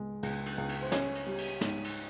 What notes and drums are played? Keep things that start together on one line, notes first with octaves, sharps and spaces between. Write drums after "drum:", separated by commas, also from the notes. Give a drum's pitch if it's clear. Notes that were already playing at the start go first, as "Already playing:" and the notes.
Already playing: C#2 G#3
C#2, drum: cymbal
drum: cymbal
C#2
drum: cymbal
C5
C#4 C#5, drum: snare
drum: cymbal
G3
drum: cymbal
G#2, drum: snare
drum: cymbal